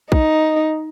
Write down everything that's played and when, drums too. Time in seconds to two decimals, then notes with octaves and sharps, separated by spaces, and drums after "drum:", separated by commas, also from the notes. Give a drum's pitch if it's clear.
0.12 D#4, drum: kick A#1